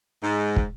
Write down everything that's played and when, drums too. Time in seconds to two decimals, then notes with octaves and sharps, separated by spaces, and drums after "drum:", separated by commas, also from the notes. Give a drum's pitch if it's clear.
0.22 G#2
0.56 drum: kick